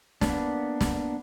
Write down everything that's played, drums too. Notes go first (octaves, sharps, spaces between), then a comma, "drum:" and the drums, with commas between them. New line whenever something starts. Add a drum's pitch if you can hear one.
A#3 B3 D4, drum: snare
drum: snare